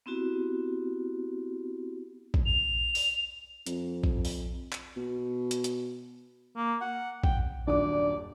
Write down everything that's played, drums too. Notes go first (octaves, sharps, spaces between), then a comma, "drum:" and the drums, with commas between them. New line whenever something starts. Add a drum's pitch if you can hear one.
B3 C4 E4 F#4 G4
drum: kick A#1
F7
drum: open hi-hat
F2, drum: hi-hat
drum: kick A#1
drum: open hi-hat
drum: clap
B2
drum: hi-hat
drum: hi-hat
A#3
F#5
G5, drum: kick A#1
D#1 F#2 D4 D5 D6